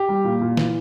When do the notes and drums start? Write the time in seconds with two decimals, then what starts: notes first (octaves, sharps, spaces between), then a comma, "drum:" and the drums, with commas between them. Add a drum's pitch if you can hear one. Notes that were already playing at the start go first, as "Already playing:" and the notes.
Already playing: G4
0.09 G3
0.24 A#2
0.41 A#2
0.57 E3, drum: snare